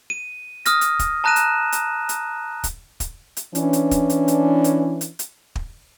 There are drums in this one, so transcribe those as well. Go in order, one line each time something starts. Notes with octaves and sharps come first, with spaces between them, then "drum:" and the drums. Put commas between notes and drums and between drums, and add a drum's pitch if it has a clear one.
D#7
D#6 F6 A#6, drum: hi-hat
drum: hi-hat
drum: kick, hi-hat
A5 A#5 F#6 A#6 D#7 E7
drum: hi-hat
drum: hi-hat
drum: hi-hat
drum: kick, hi-hat
drum: kick, hi-hat
drum: hi-hat
E3 C#4 D4, drum: hi-hat
drum: hi-hat
drum: kick, hi-hat
drum: hi-hat
drum: hi-hat
drum: hi-hat
drum: hi-hat
drum: hi-hat
drum: kick